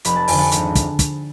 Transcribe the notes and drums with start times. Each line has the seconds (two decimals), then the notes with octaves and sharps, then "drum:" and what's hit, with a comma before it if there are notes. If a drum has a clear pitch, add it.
0.05 F1 B5, drum: hi-hat
0.16 A5
0.28 F2 D3 G#5, drum: open hi-hat
0.38 F#5 A5
0.52 G#1, drum: hi-hat
0.75 drum: kick, hi-hat
0.99 drum: kick, hi-hat